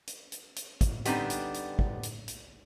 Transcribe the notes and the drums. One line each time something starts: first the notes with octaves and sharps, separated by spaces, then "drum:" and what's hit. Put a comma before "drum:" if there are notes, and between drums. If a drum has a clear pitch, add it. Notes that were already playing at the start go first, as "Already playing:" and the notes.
drum: hi-hat
drum: hi-hat
drum: hi-hat
drum: kick, hi-hat
D3 G3 B3 C4 D4 D#4, drum: hi-hat
drum: hi-hat
drum: hi-hat
drum: kick
drum: hi-hat
drum: hi-hat